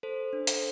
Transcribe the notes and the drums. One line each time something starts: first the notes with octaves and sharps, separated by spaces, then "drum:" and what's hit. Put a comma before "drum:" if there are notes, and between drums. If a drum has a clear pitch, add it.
A4 C5
D4
A4 C5, drum: hi-hat